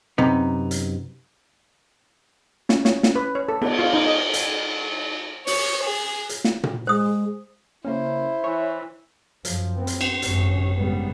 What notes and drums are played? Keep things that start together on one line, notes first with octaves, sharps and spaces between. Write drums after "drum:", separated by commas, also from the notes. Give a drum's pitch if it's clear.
F#2 C3 B3 D#4
drum: hi-hat
C#4, drum: snare
C#5, drum: snare
C#4, drum: snare
B4
C#5
A4
B3, drum: cymbal
F4
D#4
D#5
drum: hi-hat
C#5, drum: open hi-hat
G#4
drum: hi-hat
drum: snare
drum: tom A#2
G#3 C5 D#6
C#3 A#3 C#4 E4 C5
E3 C#5
F#2 F3, drum: hi-hat
B3 C4
drum: hi-hat
drum: cymbal
G#1 F#2 C3 C#4, drum: hi-hat
G#2 C#3 G3 B3